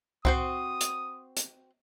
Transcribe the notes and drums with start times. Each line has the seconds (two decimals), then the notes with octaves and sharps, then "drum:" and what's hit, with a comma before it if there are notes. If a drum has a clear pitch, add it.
0.25 C4 F#4 C5 D#6, drum: kick C2
0.81 drum: hi-hat
1.37 drum: hi-hat